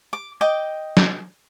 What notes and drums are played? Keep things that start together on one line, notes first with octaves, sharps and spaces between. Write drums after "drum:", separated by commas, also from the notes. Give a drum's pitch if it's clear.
D6
D#5 G5 D6
drum: snare